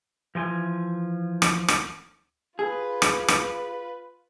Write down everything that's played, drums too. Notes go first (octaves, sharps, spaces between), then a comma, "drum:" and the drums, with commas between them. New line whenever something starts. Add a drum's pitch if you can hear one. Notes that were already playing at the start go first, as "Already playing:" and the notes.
E3 F3 G#5
drum: rim click
drum: rim click
F4 G#4 B4
drum: rim click
drum: rim click